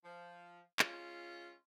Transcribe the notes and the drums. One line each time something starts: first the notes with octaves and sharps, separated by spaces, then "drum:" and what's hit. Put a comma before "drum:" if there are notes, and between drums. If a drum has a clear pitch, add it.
F3
G#3 C#4 F4, drum: clap